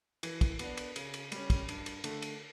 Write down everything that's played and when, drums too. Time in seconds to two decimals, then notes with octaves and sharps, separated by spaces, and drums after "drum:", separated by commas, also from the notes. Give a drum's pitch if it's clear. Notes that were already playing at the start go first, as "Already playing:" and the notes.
0.23 E3, drum: cymbal
0.41 drum: kick, cymbal
0.59 B3 D4, drum: cymbal
0.77 drum: cymbal
0.96 C#3, drum: cymbal
1.14 drum: cymbal
1.32 G3 C#4, drum: cymbal
1.50 drum: kick, cymbal
1.69 G2, drum: cymbal
1.86 drum: cymbal
2.04 D3 A3, drum: cymbal
2.22 drum: cymbal